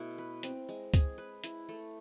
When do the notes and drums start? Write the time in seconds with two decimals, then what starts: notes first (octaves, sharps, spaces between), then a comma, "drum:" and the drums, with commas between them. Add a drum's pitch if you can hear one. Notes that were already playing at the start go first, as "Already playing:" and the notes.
Already playing: B2 A3 E4
0.18 B4
0.43 C4, drum: hi-hat
0.69 G#3
0.94 G#4, drum: kick, hi-hat
1.18 B4
1.44 E4, drum: hi-hat
1.69 A3